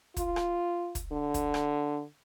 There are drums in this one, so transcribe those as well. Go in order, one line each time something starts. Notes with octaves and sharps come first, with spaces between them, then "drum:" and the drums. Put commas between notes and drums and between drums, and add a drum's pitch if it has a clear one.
F4, drum: kick, hi-hat
drum: rim click
drum: kick, hi-hat
D3
drum: kick, hi-hat
drum: rim click